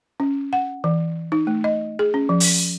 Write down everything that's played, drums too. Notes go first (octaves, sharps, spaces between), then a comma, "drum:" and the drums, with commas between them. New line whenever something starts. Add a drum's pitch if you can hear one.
C#4
F#5
E3
D#4
A3
D#5
G#4
C#4
F3
drum: open hi-hat